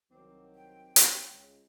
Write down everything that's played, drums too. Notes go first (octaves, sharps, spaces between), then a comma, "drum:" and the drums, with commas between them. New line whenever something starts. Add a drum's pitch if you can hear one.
C2 D#3 F#3 C4 D6
G5
drum: hi-hat
C#2